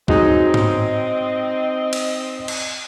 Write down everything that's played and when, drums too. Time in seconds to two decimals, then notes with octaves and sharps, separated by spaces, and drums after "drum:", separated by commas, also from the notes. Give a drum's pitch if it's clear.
0.08 F#3 G#3 C4 D#4 D#5, drum: kick
0.54 drum: tom G#2
1.93 drum: cymbal
2.48 drum: cymbal